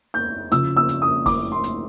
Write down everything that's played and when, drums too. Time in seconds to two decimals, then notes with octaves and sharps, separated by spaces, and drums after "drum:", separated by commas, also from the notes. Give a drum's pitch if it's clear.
0.14 G6
0.52 C#3 F3 E6, drum: hi-hat
0.77 E6
0.89 drum: hi-hat
1.02 D#6
1.26 D6, drum: kick, open hi-hat
1.52 C6
1.64 drum: hi-hat